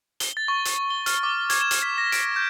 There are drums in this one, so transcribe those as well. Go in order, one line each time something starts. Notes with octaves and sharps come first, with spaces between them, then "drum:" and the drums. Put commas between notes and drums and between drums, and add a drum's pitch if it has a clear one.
G7, drum: hi-hat
A6
C#6
drum: hi-hat
G7
F6, drum: hi-hat
D6
G#6, drum: hi-hat
E7
drum: hi-hat
B6
A#6
D7, drum: hi-hat
G6